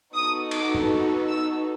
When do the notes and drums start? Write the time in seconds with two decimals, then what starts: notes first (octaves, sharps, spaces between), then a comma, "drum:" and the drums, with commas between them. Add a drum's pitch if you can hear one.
0.14 B3 D#4 F#4 A4 D#6
0.51 D6, drum: cymbal
0.75 drum: tom G2
1.29 E6